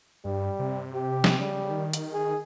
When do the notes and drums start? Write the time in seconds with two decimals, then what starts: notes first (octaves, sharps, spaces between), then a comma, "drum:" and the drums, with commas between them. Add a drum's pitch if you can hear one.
0.25 G2 G3
0.59 C3
0.94 G4
1.24 drum: snare
1.40 C#3 G3
1.70 D#3
1.94 drum: hi-hat
2.13 G#4